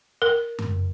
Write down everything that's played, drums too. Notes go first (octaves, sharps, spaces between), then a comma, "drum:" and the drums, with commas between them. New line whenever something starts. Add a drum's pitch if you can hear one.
A#4
drum: tom F#2